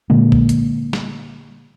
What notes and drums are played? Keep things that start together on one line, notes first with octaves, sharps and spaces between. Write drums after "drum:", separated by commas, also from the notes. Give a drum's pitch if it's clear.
A#2 D3 G#3 A#3
drum: kick A1
drum: hi-hat
drum: snare